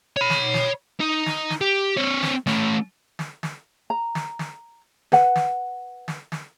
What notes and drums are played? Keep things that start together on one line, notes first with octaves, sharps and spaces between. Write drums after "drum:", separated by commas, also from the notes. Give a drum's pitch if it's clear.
C#5 B5
drum: snare
drum: snare
D#4
drum: snare
drum: snare
G4
C4 C#5
drum: snare
A3 C#4, drum: snare
drum: snare
drum: snare
A#5
drum: snare
drum: snare
B4 F#5, drum: snare
drum: snare
drum: snare
drum: snare